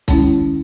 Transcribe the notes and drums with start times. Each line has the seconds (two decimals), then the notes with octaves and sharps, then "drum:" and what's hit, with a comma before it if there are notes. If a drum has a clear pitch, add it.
0.08 D#3 G#3 C#4 E4 A5, drum: kick, hi-hat